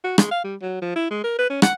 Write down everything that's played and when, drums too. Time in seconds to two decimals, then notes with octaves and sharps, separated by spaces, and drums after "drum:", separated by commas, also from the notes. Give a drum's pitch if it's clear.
0.04 F#4
0.18 G#3, drum: rim click
0.31 F5
0.44 G3
0.61 F#3
0.81 F3
0.96 E4
1.10 G#3
1.24 A#4
1.39 B4
1.50 C#4
1.62 F#5, drum: rim click